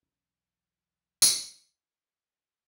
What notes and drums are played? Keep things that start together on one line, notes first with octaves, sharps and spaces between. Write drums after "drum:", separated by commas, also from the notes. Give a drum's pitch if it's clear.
B1 E2 C#4
drum: tambourine